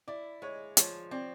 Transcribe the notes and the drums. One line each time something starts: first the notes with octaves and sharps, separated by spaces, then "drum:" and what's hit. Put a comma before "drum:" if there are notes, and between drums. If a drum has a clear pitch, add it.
E4 D5
G#3 C#5
F3 C#5, drum: hi-hat
C4 D5